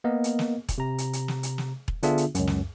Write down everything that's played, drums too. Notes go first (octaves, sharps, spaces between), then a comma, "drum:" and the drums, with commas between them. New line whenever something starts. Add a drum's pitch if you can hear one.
A#3 B3 A#4 D#5
drum: hi-hat
drum: snare
drum: kick E1, hi-hat
C3 A#5
drum: hi-hat
drum: hi-hat
drum: snare
drum: hi-hat
drum: snare
drum: kick E1
D3 B3 D4 F4 G#4 E5, drum: hi-hat
drum: hi-hat
C#2 F#2, drum: hi-hat
drum: snare